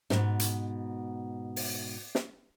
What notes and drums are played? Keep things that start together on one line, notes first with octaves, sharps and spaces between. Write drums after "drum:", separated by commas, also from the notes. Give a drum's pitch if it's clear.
G#2 B2, drum: snare
drum: hi-hat
drum: open hi-hat
drum: snare